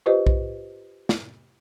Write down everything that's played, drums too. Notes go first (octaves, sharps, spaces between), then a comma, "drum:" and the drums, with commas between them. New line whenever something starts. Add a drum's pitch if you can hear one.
F4 G4 B4 C5 D#5
drum: kick B1
drum: snare